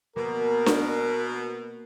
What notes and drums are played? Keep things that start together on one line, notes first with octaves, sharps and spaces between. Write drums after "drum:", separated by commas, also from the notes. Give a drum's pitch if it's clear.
B2 A#3 A#4
drum: snare D4